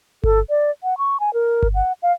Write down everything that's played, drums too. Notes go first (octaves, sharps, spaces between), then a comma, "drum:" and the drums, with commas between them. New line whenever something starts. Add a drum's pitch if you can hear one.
A4, drum: kick G1
D5
F#5
C#6
G#5
A#4
drum: kick G1
F#5
F5